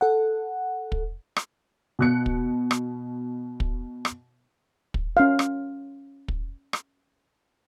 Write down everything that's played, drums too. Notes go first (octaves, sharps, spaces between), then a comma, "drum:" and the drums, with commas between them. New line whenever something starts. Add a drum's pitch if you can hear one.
A4 F#5
drum: kick
drum: rim click
B2 F#6 C#7
drum: kick
drum: rim click
drum: kick
drum: rim click
drum: kick
C#4 F5
drum: rim click
drum: kick
drum: rim click